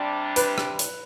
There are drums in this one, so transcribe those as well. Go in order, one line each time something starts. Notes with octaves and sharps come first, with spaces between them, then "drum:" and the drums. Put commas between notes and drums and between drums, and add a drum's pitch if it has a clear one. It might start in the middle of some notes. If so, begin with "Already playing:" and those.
Already playing: C3 G3 D4
B4, drum: hi-hat
drum: rim click
drum: hi-hat